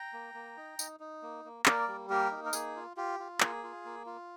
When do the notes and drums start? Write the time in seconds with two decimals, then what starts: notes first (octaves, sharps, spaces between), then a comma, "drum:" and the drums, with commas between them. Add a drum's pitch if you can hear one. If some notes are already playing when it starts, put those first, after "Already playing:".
Already playing: G5 A#5
0.13 A#3
0.34 A#3
0.57 D#4
0.79 D#4, drum: tambourine
1.00 D#4
1.23 A#3
1.45 A#3
1.66 A#3 A#4 D5, drum: clap
1.88 G3
2.10 A#3 G4 A#4
2.31 D#4
2.46 A#4
2.53 A#3 G#4, drum: tambourine
2.76 F4
2.97 F4 G4
3.20 F4
3.40 A#3 G#4, drum: clap
3.64 F4
3.85 A#3
4.06 F4